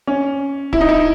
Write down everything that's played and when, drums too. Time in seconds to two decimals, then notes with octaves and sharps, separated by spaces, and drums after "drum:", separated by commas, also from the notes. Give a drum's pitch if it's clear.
0.07 C#4
0.73 E4, drum: kick
0.81 D#4
0.89 E4